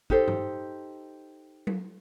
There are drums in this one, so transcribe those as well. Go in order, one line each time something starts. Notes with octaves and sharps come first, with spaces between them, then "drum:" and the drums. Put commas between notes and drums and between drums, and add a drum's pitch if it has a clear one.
D#4 G4 A4 C5, drum: kick
drum: tom G2
drum: tom F#3